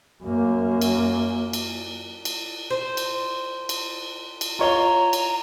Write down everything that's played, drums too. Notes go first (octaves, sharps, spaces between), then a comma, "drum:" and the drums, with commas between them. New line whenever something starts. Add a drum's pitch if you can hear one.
F#2 A#3
drum: cymbal
drum: cymbal
drum: cymbal
C5
drum: cymbal
drum: cymbal
drum: cymbal
F4 C#5 A#5 G7
drum: cymbal